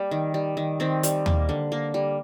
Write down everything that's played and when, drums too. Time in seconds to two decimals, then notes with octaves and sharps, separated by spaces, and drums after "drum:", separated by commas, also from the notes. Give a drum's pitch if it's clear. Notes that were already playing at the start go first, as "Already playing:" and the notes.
Already playing: G3 A#3
0.11 D#3
0.34 G3
0.57 D#3
0.80 D#3 C4
1.03 G3, drum: hi-hat
1.26 A#3, drum: tom
1.49 D3
1.72 A#3
1.94 G3